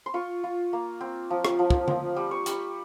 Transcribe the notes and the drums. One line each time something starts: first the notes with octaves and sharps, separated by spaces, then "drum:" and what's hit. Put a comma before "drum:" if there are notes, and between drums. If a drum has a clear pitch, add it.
C6
F4 C#6
F4
A#3
C4
F3
drum: rim click
F3
drum: kick
C4, drum: tom D3
G3
C#6
G3, drum: hi-hat